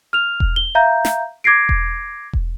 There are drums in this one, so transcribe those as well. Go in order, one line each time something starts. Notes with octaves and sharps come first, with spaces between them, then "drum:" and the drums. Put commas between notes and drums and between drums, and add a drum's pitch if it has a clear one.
F6 F7
drum: kick E1
G7
E5 F5 A#5 G6
drum: snare
D6 G#6 A#6 C7 D7
drum: kick E1
drum: kick E1